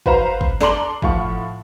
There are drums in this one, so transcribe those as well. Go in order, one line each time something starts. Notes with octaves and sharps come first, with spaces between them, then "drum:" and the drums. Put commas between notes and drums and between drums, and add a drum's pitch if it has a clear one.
F#4 B4 C5 F5 A#5, drum: kick
drum: kick
D4 A4 A#5 C6 D6 F#7, drum: snare
A2 F3 F4 F#5 C#6, drum: kick